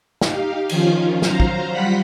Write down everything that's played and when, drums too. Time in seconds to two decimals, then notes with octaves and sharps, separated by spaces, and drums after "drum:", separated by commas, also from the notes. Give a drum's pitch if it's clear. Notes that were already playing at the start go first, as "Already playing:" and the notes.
0.21 D#4 G4 F5, drum: snare
0.69 D#3 F3 C#4 F4, drum: cymbal
1.22 F#3 C5 F5 A#5, drum: snare
1.40 drum: kick
1.70 G3 F4 F#5 B5 B6